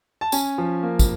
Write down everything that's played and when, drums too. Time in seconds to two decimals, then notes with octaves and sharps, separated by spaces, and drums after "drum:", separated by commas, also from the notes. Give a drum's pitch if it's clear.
0.21 A5
0.32 C#4 G#5, drum: tambourine
0.58 F3
0.83 A#3
0.99 drum: kick, tambourine